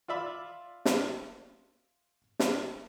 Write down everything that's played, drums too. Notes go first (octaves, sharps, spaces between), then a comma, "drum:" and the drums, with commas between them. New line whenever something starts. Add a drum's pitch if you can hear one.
F4 D5 E5 B5
drum: snare
drum: snare